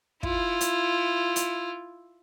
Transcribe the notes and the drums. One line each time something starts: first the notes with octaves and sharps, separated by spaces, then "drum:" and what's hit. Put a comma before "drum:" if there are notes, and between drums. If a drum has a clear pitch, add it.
E4 F4, drum: kick
drum: hi-hat
drum: hi-hat